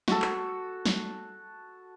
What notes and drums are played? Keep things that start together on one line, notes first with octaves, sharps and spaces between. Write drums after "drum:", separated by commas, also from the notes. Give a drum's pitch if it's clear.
F#4 A4, drum: snare
drum: clap
drum: snare